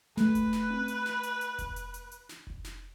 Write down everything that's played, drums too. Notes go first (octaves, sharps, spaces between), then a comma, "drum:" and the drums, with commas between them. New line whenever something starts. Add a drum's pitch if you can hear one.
A3 B4, drum: snare
drum: kick F1, hi-hat
drum: snare
drum: tom C4
drum: hi-hat
drum: snare
drum: hi-hat
drum: hi-hat
drum: kick F1, hi-hat
drum: hi-hat
drum: hi-hat
drum: hi-hat
drum: snare
drum: kick F1
drum: snare